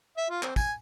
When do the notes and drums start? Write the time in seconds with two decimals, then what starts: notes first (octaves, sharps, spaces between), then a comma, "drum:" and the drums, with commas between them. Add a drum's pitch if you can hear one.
0.17 E5
0.30 F4
0.43 C4, drum: clap
0.56 G#5, drum: kick, tambourine